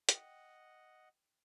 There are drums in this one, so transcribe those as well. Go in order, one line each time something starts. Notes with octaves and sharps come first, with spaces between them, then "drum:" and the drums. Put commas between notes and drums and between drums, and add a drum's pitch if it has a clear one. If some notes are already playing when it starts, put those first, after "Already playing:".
D#5 F#5 G5, drum: hi-hat